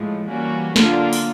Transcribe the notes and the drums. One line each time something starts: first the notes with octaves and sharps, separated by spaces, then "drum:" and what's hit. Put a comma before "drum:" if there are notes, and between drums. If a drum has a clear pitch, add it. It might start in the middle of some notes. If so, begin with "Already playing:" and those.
Already playing: A2 F3 G#3
E3 G3 A#3 C#4 F#4
D3 F#3 A#3 D4 F4, drum: snare
drum: open hi-hat